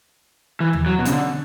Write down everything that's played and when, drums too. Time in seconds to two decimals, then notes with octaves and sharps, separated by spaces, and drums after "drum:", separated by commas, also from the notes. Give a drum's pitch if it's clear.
0.60 E3
0.73 drum: tom
0.86 F#3
0.99 B2
1.05 C#3, drum: hi-hat
1.12 D3